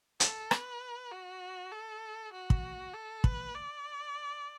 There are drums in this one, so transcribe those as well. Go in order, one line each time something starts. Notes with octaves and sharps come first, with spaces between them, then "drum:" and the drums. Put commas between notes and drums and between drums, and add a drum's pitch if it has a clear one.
A4, drum: hi-hat
B4, drum: rim click
F#4
A4
F#4
drum: kick
A4
B4, drum: kick
D5